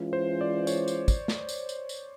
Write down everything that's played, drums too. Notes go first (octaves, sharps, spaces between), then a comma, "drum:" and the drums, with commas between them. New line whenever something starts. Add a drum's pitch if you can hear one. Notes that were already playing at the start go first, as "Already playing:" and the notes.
Already playing: E3 G#3 C#4 F4
C5
D5
C#5, drum: tambourine
drum: tambourine
drum: kick, tambourine
drum: snare
drum: tambourine
drum: tambourine
drum: tambourine